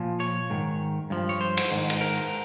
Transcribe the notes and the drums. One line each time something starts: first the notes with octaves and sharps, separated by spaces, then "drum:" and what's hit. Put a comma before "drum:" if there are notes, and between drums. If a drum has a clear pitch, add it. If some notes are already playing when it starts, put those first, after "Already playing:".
Already playing: A#2 F3
C#5
G#2 D#3
G2 F3
C#5
C5
drum: cymbal
G#2 D#3
drum: cymbal
A#4